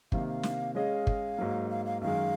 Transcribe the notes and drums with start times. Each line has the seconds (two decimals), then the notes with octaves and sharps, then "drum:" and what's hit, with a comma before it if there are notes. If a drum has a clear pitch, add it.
0.12 C3 D#3 A#3 F5, drum: kick
0.27 F5
0.43 drum: snare
0.75 G#3 C#4 G#4 D#5 F5
1.07 drum: kick
1.38 G#2 F#3 A#3
1.71 F5
1.86 F5
2.01 F#2 D#3 G#3 F5